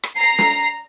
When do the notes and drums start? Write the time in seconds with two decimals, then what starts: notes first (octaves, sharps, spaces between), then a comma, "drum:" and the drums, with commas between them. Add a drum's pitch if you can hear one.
0.03 drum: rim click
0.17 A#5 C7
0.39 drum: snare